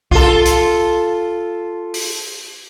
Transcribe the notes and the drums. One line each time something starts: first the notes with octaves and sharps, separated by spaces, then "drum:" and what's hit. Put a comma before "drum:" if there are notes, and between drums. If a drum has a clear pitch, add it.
F4 A4, drum: kick
drum: hi-hat
drum: open hi-hat